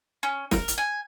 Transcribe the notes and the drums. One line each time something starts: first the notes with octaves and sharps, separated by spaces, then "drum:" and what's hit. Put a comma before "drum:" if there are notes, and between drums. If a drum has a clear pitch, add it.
C#4
A#4, drum: snare
drum: hi-hat
G#5